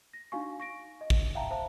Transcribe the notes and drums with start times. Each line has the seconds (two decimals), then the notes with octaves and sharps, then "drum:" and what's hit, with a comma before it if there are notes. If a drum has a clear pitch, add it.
0.13 A#6
0.32 D4 D#4 F#4 F5 G#5 C#6
0.60 C#6 A#6 D7
1.01 D#5
1.10 drum: kick
1.35 E5 F5 G5 A5 A#5
1.51 C5 E5 F5 A5